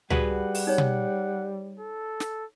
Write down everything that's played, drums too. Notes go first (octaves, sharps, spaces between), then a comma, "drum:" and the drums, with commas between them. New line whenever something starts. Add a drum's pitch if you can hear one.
G3 F#4 G#4 B4 F#5, drum: tom C#2
drum: open hi-hat
D#4 C#5
drum: tom B2
A4
drum: snare